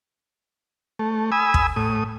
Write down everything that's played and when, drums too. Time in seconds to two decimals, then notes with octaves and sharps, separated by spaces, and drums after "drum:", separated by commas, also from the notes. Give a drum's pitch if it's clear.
0.99 A3
1.32 G#5 B5 D#6 E6
1.54 drum: kick
1.76 A2 D#6